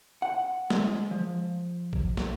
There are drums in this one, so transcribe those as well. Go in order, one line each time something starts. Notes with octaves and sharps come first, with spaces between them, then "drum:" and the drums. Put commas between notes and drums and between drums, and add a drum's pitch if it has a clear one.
F#5
G#3, drum: snare
F3
drum: kick A1
drum: snare